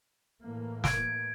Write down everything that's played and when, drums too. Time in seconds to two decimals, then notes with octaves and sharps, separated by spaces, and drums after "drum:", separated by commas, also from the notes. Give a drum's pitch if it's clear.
0.44 A2 E3 A#3
0.84 G#6 D7, drum: snare